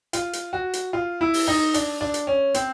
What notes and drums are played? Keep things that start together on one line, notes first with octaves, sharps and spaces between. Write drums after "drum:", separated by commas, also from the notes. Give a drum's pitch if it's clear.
F4, drum: hi-hat
drum: hi-hat
F#4
drum: hi-hat
F4
E4
drum: open hi-hat
D#4
D4, drum: hi-hat
D4
drum: hi-hat
C#4
C4, drum: hi-hat